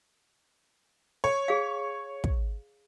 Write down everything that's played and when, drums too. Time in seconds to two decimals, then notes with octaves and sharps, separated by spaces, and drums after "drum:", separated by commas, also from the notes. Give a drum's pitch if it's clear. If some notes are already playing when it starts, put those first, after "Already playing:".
1.24 C#5
1.48 G#4 F5
2.24 drum: kick